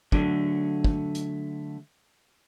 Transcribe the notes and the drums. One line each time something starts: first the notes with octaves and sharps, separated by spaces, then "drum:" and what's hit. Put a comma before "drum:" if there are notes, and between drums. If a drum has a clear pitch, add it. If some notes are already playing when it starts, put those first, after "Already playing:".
D3 F#3 A3, drum: kick
drum: kick
drum: hi-hat